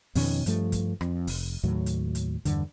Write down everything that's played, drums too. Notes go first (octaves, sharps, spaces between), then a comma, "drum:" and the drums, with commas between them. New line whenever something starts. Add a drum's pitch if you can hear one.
F2 B2 D#3 C#4, drum: open hi-hat
G2 F3 A3, drum: hi-hat
drum: kick, hi-hat
F2, drum: rim click
F1, drum: open hi-hat
D#2 A2 F#3
drum: hi-hat
drum: hi-hat
E2 G2 D3, drum: hi-hat